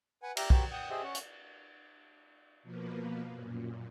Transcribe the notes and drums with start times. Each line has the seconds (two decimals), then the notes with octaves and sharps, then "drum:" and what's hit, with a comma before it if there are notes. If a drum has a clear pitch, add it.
0.23 B4 F#5 G#5
0.37 G4 D5 E5 A#5 F6 F#6, drum: cymbal
0.50 F#4 G4 A#4 C5 G5 B5, drum: kick B1
0.72 F#5 G5 D#6
0.90 G4 G#4 C5 D#5 E5
1.03 C#4 F#5
1.15 drum: hi-hat
2.63 B2 F3 A#3 B3
3.30 F#2 A#2